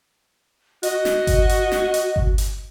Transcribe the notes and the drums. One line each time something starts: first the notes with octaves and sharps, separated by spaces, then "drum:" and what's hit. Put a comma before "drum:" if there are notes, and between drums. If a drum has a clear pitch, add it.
F#4 D#5, drum: hi-hat
drum: snare
drum: kick G1, hi-hat
drum: hi-hat
drum: snare
drum: hi-hat
drum: kick G1
drum: hi-hat